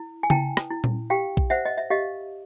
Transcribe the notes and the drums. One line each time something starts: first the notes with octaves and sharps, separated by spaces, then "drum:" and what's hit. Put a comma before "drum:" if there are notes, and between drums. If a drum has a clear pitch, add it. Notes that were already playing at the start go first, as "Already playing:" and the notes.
Already playing: E4
G#5
E4 G5 A5, drum: tom C#3
drum: rim click
E4
drum: tom A#2
G4 F5 G5
drum: kick A#1
C5 E5 F#5
D#5
E5
G4 D#5 F5